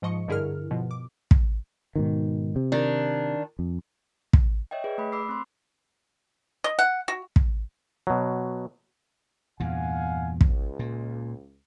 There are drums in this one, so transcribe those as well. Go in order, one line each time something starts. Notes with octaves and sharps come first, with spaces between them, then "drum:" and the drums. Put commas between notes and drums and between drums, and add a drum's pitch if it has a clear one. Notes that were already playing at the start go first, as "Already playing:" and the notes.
G#2 F3 D#5 C#6 C#7
G2 D3 E4 G#4 A#4 F6
B2 F3
D6
drum: kick
G#2 B2 D#3
C3
D#3 D4
F2
drum: kick
C#5 D#5 E5 G5
G#4 B4 D5
A3 B5
B5 D6 E6 C7
C4 C6
D#5
F#5
F#4
drum: kick
B2 F#3
E2 G2 A#2 F5 F#5 G#5
C#2, drum: kick
A#2